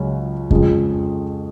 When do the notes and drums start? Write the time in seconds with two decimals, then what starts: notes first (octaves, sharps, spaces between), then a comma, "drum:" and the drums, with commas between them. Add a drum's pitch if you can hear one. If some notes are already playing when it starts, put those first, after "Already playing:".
Already playing: C#2 C#3 F#3 C#4
0.51 F2 C#3 G#3, drum: kick F2